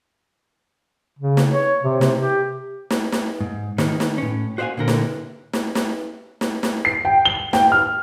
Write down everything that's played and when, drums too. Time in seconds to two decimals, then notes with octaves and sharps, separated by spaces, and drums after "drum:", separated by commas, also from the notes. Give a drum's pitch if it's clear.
1.19 C#3
1.37 drum: snare
1.48 C#5
1.83 C3
2.01 C3, drum: snare
2.18 G4
2.90 drum: snare
3.12 drum: snare
3.41 G#2
3.78 D#3, drum: snare
4.00 drum: snare
4.18 A2 C#4
4.58 F#4 C5 D5 E5 F5 G#5
4.77 A#2 D3 A#4
4.88 drum: snare
5.53 drum: snare
5.75 drum: snare
6.41 drum: snare
6.63 drum: snare
6.85 C7
7.05 G5
7.25 G7
7.53 G5, drum: snare
7.72 F6